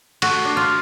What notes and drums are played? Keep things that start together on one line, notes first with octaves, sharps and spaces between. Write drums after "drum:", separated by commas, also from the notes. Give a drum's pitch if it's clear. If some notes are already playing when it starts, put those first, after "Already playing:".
A3 F#4, drum: cymbal
D4
F4